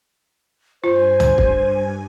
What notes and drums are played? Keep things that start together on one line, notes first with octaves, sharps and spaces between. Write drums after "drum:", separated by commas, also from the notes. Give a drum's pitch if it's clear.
G2 F4 C5 G#5
drum: tom
drum: kick